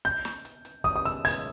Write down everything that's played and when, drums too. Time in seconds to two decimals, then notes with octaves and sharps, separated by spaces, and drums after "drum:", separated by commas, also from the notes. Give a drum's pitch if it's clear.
0.05 G6, drum: hi-hat
0.25 drum: snare
0.45 drum: hi-hat
0.65 drum: hi-hat
0.84 D#6, drum: kick, hi-hat
0.96 D#6
1.05 E6, drum: hi-hat
1.25 G#6, drum: open hi-hat